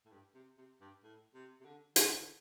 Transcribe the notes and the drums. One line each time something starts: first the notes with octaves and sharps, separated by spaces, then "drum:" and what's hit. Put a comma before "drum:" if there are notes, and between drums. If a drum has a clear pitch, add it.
A2
G2
C3
C3
G2
A2
C3
C3
D3
E3, drum: hi-hat
D3